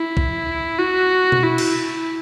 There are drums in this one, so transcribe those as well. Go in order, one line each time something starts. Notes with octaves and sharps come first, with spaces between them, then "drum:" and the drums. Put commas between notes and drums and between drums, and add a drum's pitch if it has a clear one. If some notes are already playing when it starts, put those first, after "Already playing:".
Already playing: E4
drum: kick
F#4
drum: tom B2
E4
drum: cymbal